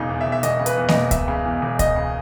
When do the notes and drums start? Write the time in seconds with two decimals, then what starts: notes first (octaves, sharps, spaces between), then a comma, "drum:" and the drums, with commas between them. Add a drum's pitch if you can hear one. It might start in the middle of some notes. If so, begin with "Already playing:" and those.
Already playing: E1 C#3 D#4
0.09 E2
0.21 E5
0.26 E1
0.32 E5
0.43 E1 D#5, drum: hi-hat
0.59 C#3
0.66 B4, drum: hi-hat
0.77 E2
0.89 D#5, drum: snare A#3
0.94 E1
1.11 E1 E5, drum: kick C#2, hi-hat
1.28 C#3
1.45 E2
1.62 E1
1.79 E1 D#5, drum: kick C#2, hi-hat
1.96 C#3